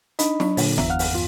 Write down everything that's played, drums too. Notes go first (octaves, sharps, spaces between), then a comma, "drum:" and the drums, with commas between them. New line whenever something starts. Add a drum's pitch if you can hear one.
D4 D#4 D#5 B5, drum: hi-hat
F#3 D4, drum: snare
A#2 D3 C#5, drum: open hi-hat
G1 E2 E5 A#5, drum: snare
F5 F#5 F6
drum: open hi-hat
E2 G2 F4